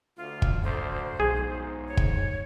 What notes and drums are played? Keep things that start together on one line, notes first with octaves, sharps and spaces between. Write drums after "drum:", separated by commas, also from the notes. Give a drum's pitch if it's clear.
D2 F4
drum: kick
D2 C5
B1 G#2 G#4
C#5
drum: kick